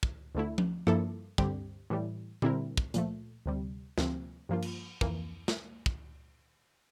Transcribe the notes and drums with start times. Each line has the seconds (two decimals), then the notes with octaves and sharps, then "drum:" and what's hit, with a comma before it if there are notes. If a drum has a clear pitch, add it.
0.03 drum: kick
0.35 D2 D3 A3 E4
0.58 drum: tom F3
0.87 G2 F3 A#3 E4 A4, drum: rim click
1.38 G2 D3 G3 C4 G4, drum: kick
1.90 A2 E3 G3
2.42 D3 G3 C4 E4 A#4, drum: tom A#2
2.77 drum: kick
2.94 A#2 F3 A3, drum: hi-hat
3.46 D2 C3 G3
3.98 D2 C3 F3 C4, drum: snare
4.49 G2 F3 A#3 F4
4.62 drum: cymbal
5.01 F2 E3 A#3, drum: kick
5.48 drum: snare
5.86 drum: kick